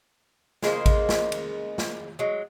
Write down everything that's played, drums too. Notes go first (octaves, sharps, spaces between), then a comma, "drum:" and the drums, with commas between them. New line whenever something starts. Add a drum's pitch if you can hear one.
C#3 G#3 A#3 C5, drum: snare
drum: kick A1, cymbal
drum: snare
drum: cymbal
drum: snare
F#3 G#3